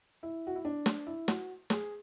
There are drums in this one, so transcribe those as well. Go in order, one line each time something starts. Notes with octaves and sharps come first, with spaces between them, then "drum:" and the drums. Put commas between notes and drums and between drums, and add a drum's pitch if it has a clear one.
E4
F#4
E4
D4
drum: snare
E4
F#4, drum: snare
G#4, drum: snare